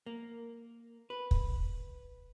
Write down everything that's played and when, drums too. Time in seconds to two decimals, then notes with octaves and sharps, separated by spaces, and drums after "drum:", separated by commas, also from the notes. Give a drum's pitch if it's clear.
0.06 A#3
1.10 B4
1.31 drum: kick